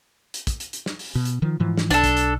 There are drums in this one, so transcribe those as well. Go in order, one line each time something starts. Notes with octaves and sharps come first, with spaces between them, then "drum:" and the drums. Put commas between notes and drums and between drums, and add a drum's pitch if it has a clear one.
drum: hi-hat
drum: kick, hi-hat
drum: hi-hat
drum: hi-hat
drum: snare
drum: open hi-hat
B2
drum: hi-hat
D#3 F3
G#2 E3 F3
drum: snare
B1 D4 A4, drum: hi-hat
drum: kick, hi-hat
drum: hi-hat